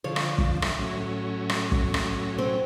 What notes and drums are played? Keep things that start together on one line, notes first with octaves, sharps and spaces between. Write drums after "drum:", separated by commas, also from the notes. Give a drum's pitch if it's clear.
D3 F3 C#5
drum: rim click
drum: kick
E5, drum: rim click
A2 F#3 C#4
drum: rim click
drum: kick
drum: rim click
C4